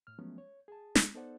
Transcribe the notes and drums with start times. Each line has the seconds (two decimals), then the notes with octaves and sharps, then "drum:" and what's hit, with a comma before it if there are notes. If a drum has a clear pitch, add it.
0.07 A2 F6
0.19 F3 F#3 G#3 A3 B3 C#4
0.38 C#5
0.68 G#4 A5
0.95 drum: snare
1.14 B3 D#4 A4 C5 D5 F#5